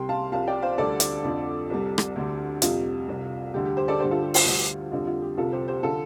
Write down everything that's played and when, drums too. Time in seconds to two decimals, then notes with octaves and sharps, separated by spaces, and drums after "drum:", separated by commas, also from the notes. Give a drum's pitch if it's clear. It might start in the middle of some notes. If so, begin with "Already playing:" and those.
Already playing: C2 C3 G3 G5 C6
0.09 F5 A5
0.32 C2 C3 F3 F5 A5
0.47 D5 G5
0.62 C5 F5
0.78 D2 D3 G3 A4 D5
1.00 drum: hi-hat
1.24 F2 D3 F3
1.70 C2 C3 G3
1.98 drum: rim click
2.16 D2 D3 G3
2.62 F2 C3 G3 F4, drum: hi-hat
3.08 C2 C3 G3
3.54 D2 D3 G3 G4
3.65 G4
3.77 G4 C5
3.88 A4 D5
4.00 G2 D3 G3 G4 C5
4.11 F4 A4
4.22 G4
4.34 F4, drum: open hi-hat
4.45 D2 D3 G3
4.91 F2 D3 G3 F4
5.07 F4
5.22 G4
5.37 C2 C3 F3 F4 A4
5.53 G4 C5
5.68 G4 C5
5.83 D3 F3 F4 A4